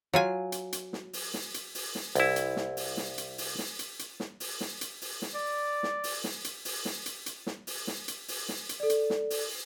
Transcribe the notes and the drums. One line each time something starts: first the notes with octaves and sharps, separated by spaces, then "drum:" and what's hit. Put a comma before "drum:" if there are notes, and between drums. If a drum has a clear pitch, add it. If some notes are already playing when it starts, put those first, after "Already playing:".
F#3 F4 G#5
drum: hi-hat
drum: hi-hat
drum: snare
drum: open hi-hat
drum: snare
drum: hi-hat
drum: open hi-hat
drum: snare
C2 E4, drum: hi-hat
drum: hi-hat
drum: snare
drum: open hi-hat
drum: snare
drum: hi-hat
drum: open hi-hat
drum: snare
drum: hi-hat
drum: hi-hat
drum: snare
drum: open hi-hat
drum: snare
drum: hi-hat
drum: open hi-hat
drum: snare
D5
drum: snare
drum: open hi-hat
drum: snare
drum: hi-hat
drum: open hi-hat
drum: snare
drum: hi-hat
drum: hi-hat
drum: snare
drum: open hi-hat
drum: snare
drum: hi-hat
drum: open hi-hat
drum: snare
drum: hi-hat
A4 D5
drum: hi-hat
drum: snare
drum: open hi-hat